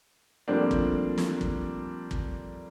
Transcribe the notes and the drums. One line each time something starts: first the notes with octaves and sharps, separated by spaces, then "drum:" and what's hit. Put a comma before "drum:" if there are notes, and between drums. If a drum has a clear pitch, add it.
F3 G3 A3 A#3 C4 D4
drum: kick
drum: snare
drum: kick
drum: kick